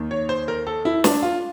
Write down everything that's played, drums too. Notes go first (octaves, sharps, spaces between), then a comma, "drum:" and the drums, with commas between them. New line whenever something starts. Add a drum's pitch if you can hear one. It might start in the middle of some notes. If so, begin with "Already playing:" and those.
Already playing: D#2 D#3
C#5
C5
A#4
A4
E4
D4, drum: snare
F4